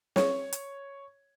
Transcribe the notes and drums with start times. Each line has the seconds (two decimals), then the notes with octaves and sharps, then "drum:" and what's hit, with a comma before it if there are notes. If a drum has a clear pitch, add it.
0.16 C#5, drum: snare
0.52 drum: hi-hat